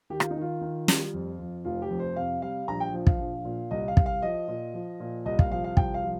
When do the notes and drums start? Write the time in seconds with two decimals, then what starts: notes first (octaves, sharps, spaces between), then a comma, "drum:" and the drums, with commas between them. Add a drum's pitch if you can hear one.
0.10 D#3 G4
0.20 F4, drum: rim click
0.31 D#4
0.36 D#3 F4
0.61 D#3
0.88 G3, drum: snare
1.13 F2
1.39 F2
1.65 F1 F4
1.82 G4
1.90 F2
2.00 C5
2.16 C3 F5
2.42 G3 F5
2.68 A#1 A#5
2.80 G5
2.94 F3
3.07 F5, drum: kick
3.20 A#1
3.45 A#2
3.71 C2 D#5
3.88 F5
3.97 C2, drum: kick
4.06 F5
4.22 F3 D#5
4.48 A#2
4.74 F3
5.00 A#2
5.25 C2 D#5
5.39 F5, drum: kick
5.51 F3 F5
5.64 F5
5.77 C2 G5, drum: kick
5.94 F5
6.03 F3